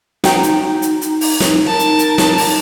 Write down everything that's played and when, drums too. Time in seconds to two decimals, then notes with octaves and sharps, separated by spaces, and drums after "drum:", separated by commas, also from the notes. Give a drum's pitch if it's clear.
0.24 D#4 F#4 G5, drum: snare
0.43 drum: hi-hat
0.82 drum: hi-hat
1.01 drum: hi-hat
1.21 drum: open hi-hat
1.40 drum: snare
1.67 A#4 A5
1.79 drum: hi-hat
1.99 drum: hi-hat
2.18 drum: snare
2.38 drum: open hi-hat